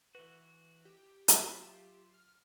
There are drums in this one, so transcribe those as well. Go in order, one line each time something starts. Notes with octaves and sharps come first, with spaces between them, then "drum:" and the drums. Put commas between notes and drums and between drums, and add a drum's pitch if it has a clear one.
E3 F#4 B4
G4
F#3 F4 E5, drum: hi-hat
F6